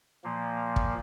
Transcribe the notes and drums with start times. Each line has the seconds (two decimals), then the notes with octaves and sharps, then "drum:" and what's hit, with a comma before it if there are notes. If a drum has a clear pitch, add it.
0.24 A#2 F3 A#3
0.76 drum: kick